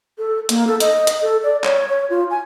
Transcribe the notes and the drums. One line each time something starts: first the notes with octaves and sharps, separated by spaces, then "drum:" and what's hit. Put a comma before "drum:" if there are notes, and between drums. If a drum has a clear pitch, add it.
A4
A#3, drum: hi-hat
A4
D#5, drum: hi-hat
drum: hi-hat
A4
D5
C#5, drum: clap
C#5
F4
G#5